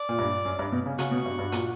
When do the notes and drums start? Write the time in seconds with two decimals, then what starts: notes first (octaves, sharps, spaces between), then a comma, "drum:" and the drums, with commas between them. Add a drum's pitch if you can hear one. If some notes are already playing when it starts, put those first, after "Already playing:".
Already playing: D5
0.09 A#2
0.18 G2
0.45 F#2
0.59 G2
0.72 B2
0.86 C#3
0.99 C#3 F#4, drum: hi-hat
1.11 B2
1.25 G2
1.39 G2
1.52 A#2, drum: hi-hat